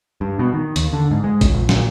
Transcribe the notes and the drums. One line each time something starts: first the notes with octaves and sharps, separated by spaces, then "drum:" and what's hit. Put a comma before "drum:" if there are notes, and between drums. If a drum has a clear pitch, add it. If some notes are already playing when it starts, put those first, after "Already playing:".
G2
B2
D#3
D#2, drum: hi-hat
D3
G#2
G#3
C#2, drum: kick A1, hi-hat
A#1
A#2, drum: snare